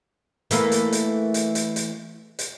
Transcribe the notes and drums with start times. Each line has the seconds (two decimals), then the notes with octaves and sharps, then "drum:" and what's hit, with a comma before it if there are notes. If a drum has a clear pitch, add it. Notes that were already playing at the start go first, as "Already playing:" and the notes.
0.51 E3 A3 A#3, drum: hi-hat
0.72 drum: hi-hat
0.92 drum: hi-hat
1.34 drum: hi-hat
1.55 drum: hi-hat
1.76 drum: hi-hat
2.39 drum: hi-hat